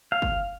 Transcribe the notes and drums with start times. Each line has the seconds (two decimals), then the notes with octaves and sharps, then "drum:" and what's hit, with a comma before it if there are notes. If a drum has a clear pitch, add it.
0.12 F5
0.22 drum: kick